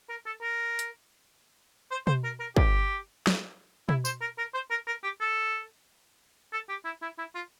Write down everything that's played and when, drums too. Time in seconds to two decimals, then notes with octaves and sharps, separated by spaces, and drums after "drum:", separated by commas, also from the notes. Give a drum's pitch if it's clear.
0.09 A#4
0.26 A4
0.42 A#4
0.79 drum: hi-hat
1.91 C5
2.07 C5, drum: tom B2
2.24 A#4
2.40 A#4
2.56 G4, drum: kick
3.27 drum: snare
3.89 E4, drum: tom B2
4.05 C5, drum: tambourine
4.21 A#4
4.38 A#4
4.54 C5
4.71 A#4
4.87 A#4
5.04 G4
5.21 A4
6.53 A4
6.69 G4
6.85 E4
7.02 E4
7.18 E4
7.35 F4